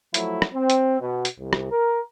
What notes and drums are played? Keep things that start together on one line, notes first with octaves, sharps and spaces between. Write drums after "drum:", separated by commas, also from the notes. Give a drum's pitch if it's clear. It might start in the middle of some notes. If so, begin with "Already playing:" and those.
F3 F#3 A3 E4, drum: hi-hat
drum: rim click
C4
drum: hi-hat
B2
drum: hi-hat
C2
drum: rim click
A#4